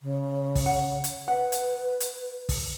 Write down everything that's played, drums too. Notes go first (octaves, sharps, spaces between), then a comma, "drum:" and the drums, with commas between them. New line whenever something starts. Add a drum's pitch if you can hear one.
C#3
drum: kick, open hi-hat
F#5
drum: hi-hat
B4 F#5
drum: hi-hat
drum: hi-hat
drum: kick, open hi-hat